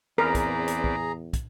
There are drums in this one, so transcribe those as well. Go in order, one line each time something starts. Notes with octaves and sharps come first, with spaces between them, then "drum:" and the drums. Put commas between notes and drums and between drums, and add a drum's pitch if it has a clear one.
E2 C4 G#4 A#4 B4 D5 A#5
drum: kick, hi-hat
drum: hi-hat
drum: kick
drum: kick, hi-hat